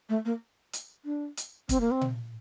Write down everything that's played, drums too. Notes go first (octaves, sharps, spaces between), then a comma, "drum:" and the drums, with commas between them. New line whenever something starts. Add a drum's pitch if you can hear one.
A3
A#3
drum: hi-hat
D4
drum: hi-hat
C4, drum: kick, hi-hat
A#3
C4
drum: tom A#2